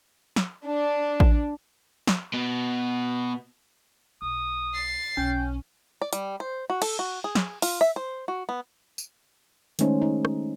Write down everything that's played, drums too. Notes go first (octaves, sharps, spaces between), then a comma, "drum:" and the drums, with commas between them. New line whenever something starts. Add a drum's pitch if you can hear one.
drum: snare
D4
drum: kick A1
drum: snare
B2 B3
B1 D#6
A6 C7
B1 C#4 G5
D5
G3, drum: hi-hat
C5
F#4
A4, drum: cymbal
F#4
G#4
drum: snare
F4, drum: open hi-hat
E5
C5
F#4
B3
drum: tambourine
D#3 G#3 A3 C#4 D#4 C5, drum: hi-hat
D#4
drum: rim click